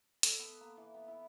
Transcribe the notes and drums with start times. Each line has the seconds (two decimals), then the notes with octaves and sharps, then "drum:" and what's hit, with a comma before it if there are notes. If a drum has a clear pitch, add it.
0.23 A4, drum: hi-hat
0.39 B3
0.60 A#3
0.77 E3
0.94 B3
1.08 E4